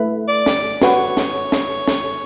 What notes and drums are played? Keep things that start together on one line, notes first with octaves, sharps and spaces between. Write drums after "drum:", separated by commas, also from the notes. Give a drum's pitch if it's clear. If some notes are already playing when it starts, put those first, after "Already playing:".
Already playing: A3 E4 B4
D5
drum: snare
F#4 B4 C#5 F#5, drum: snare
drum: snare
drum: snare
drum: snare